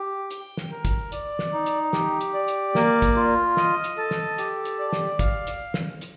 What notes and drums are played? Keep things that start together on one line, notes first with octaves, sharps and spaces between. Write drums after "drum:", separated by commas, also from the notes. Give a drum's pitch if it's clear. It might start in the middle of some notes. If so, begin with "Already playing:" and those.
Already playing: G4
G5, drum: hi-hat
drum: snare
A#4
drum: kick, hi-hat
D5, drum: hi-hat
drum: snare
D#4
drum: hi-hat
G4, drum: snare
drum: hi-hat
D5
drum: hi-hat
A#3, drum: snare
drum: kick, hi-hat
F4
D#5, drum: snare
drum: hi-hat
A4
drum: snare
G4, drum: hi-hat
drum: hi-hat
D5
drum: snare
F5, drum: kick, hi-hat
drum: hi-hat
drum: snare
drum: hi-hat